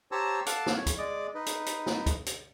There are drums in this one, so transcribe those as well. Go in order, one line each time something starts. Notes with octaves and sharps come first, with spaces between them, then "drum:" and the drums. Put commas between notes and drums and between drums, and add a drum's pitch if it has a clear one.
G4 C5 C#5 A5 A#5 E6
A4 F5 F#5 A5 D6, drum: hi-hat
drum: snare
C#5
drum: kick C#2, hi-hat
G#3 D5 D#5 D6
D#4 B4 D#5
drum: hi-hat
drum: hi-hat
drum: snare
drum: kick C#2, hi-hat
drum: hi-hat